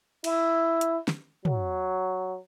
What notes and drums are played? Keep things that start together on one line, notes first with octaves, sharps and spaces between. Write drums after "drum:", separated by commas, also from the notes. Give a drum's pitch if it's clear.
E4, drum: cymbal
drum: hi-hat
drum: snare
F#3, drum: tom